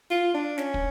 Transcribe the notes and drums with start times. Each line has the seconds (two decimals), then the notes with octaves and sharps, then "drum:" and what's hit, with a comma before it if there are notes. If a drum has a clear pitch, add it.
0.11 F4
0.34 D4
0.58 C#4, drum: snare
0.74 drum: kick